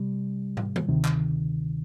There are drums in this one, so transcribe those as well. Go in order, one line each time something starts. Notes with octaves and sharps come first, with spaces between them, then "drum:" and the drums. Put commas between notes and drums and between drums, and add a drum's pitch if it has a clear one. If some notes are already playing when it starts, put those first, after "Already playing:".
Already playing: C3 G3
drum: tom
drum: tom D#3
D2 C3 D#3
drum: clap